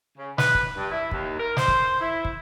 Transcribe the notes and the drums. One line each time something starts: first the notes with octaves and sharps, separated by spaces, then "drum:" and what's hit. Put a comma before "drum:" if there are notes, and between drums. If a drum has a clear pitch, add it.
C#3
B4, drum: snare
drum: kick
G2
E4
D#2, drum: kick
A#4
C5, drum: snare
drum: kick
E4
drum: kick